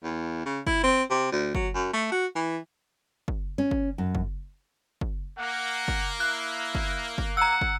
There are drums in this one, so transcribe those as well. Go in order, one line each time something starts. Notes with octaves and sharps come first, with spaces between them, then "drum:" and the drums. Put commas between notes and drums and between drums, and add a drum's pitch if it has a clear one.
E2
C#3
E4, drum: kick
C4
C3
D2
F#3, drum: kick
F#2
A3
F#4
E3
drum: kick
C#4
drum: kick
F#2
drum: kick
drum: kick
A#3 F#5
drum: kick
E4 F#6
drum: kick
drum: kick
F#5 A#5 E6
drum: kick